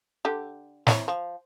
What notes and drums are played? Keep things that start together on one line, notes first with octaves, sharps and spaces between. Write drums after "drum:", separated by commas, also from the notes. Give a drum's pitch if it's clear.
D3 G4
C4 E4 C#5, drum: snare
F3